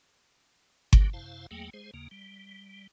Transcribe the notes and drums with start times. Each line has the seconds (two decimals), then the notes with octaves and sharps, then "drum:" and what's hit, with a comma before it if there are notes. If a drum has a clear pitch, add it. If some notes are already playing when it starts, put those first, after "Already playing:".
0.93 G1 C#2 A#2 D3 F#3 G4, drum: kick G1
1.13 F#2 C3 E4 C5 F5 A5
1.51 E2 F#3 A3 A#3 G#4 G5
1.74 G#3 G#4 C5
1.94 D#2 C#3 A#3
2.11 G3